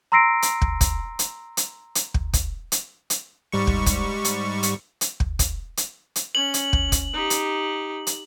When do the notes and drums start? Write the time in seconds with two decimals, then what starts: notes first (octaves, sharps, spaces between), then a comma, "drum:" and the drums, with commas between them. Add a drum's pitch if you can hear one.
0.12 A#5 C6 E6 A#6 C7 D7
0.42 drum: hi-hat
0.62 drum: kick
0.81 drum: kick, hi-hat
1.19 drum: hi-hat
1.57 drum: hi-hat
1.95 drum: hi-hat
2.14 drum: kick
2.33 drum: kick, hi-hat
2.72 drum: hi-hat
3.10 drum: hi-hat
3.52 G#2 G3 C#6
3.67 drum: kick
3.86 drum: kick, hi-hat
4.25 drum: hi-hat
4.63 drum: hi-hat
5.01 drum: hi-hat
5.20 drum: kick
5.39 drum: kick, hi-hat
5.77 drum: hi-hat
6.16 drum: hi-hat
6.35 C#4 F#7
6.54 drum: hi-hat
6.73 drum: kick
6.92 drum: kick, hi-hat
7.13 D#4 G4
7.30 drum: hi-hat
8.07 drum: hi-hat